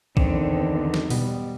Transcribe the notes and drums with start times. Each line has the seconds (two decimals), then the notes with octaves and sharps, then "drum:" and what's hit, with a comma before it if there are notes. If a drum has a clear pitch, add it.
0.17 E2 D3 D#3 C4, drum: kick A#1
0.94 drum: snare
1.10 B2 G3, drum: open hi-hat